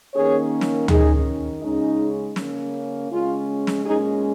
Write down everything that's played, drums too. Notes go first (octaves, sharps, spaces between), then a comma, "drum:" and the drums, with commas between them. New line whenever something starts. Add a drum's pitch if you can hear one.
D#3 A#3 C#4 G#4 C#5
drum: snare
D#3 C#4 D#4 G#4, drum: tom D2
C#3 G#3 C#4 D#4
C#3 A#3 C#4, drum: snare
C#3 G#3 C#4 F4
drum: snare
A#2 G#3 C#4 D#4 G#4